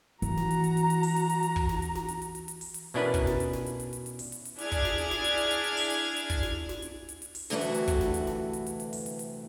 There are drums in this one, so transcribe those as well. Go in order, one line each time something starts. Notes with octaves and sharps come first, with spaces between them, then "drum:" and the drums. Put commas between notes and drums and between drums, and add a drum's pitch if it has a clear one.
E3 F#4 A#5, drum: hi-hat
drum: snare
drum: hi-hat
drum: hi-hat
drum: hi-hat
drum: hi-hat
drum: open hi-hat
drum: hi-hat
drum: hi-hat
drum: hi-hat
drum: kick
drum: snare
drum: hi-hat
drum: snare
drum: hi-hat
drum: hi-hat
drum: hi-hat
drum: hi-hat
drum: open hi-hat
drum: hi-hat
B2 C#4 D4 E4 A#4 B4
drum: kick, hi-hat
drum: snare
drum: hi-hat
drum: snare
drum: hi-hat
drum: hi-hat
drum: hi-hat
drum: hi-hat
drum: open hi-hat
drum: hi-hat
drum: hi-hat
D4 E4 G#4 D5 F6 G#6, drum: hi-hat
drum: kick, hi-hat
drum: snare
drum: hi-hat
drum: snare
drum: hi-hat
drum: hi-hat
drum: hi-hat
drum: hi-hat
drum: open hi-hat
drum: hi-hat
drum: hi-hat
drum: kick, hi-hat
drum: snare
drum: snare
drum: hi-hat
drum: hi-hat
drum: hi-hat
drum: open hi-hat
D2 G2 C3 E3 A3 F#4, drum: hi-hat
drum: hi-hat
drum: hi-hat
drum: kick, hi-hat
drum: snare
drum: hi-hat
drum: snare
drum: hi-hat
drum: hi-hat
drum: hi-hat
drum: open hi-hat
drum: hi-hat
drum: hi-hat